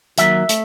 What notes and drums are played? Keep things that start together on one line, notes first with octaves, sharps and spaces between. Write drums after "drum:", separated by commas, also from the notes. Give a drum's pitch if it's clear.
D#3 F#3 A#3 E5, drum: hi-hat
A3, drum: hi-hat